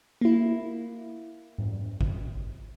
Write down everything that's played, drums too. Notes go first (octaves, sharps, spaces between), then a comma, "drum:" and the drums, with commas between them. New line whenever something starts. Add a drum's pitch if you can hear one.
A#3 E4
drum: tom G#2
drum: kick G#1